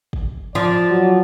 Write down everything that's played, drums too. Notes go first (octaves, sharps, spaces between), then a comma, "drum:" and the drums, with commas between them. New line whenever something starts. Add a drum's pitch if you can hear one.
drum: kick
F3 D5, drum: tom G2
F#3